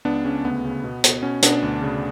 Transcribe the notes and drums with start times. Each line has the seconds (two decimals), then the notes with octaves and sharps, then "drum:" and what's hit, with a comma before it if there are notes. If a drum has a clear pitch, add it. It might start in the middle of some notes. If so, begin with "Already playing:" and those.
0.05 C#2 B3 D4
0.25 C#3 C#4
0.44 D2 B3
0.65 C#3
0.84 B2
1.04 B2, drum: hi-hat
1.23 B2 C#4
1.42 B2 B3 D4, drum: hi-hat
1.62 D2
1.82 C#3